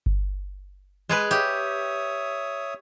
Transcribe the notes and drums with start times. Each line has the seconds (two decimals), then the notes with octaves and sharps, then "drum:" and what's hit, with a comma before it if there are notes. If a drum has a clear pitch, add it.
0.06 drum: kick G1
1.09 G#3 G#4 B4
1.31 G4 C#5 E5 D#6, drum: hi-hat